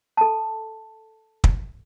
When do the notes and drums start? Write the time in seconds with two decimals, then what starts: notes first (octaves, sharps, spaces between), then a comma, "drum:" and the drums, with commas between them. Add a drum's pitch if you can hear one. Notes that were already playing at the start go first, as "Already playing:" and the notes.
0.17 A4 A5
1.44 drum: kick